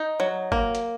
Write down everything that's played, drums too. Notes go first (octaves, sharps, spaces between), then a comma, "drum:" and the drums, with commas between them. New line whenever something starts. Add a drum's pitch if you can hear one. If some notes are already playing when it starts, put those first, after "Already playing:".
Already playing: D#4
F#3
A#3, drum: kick
drum: hi-hat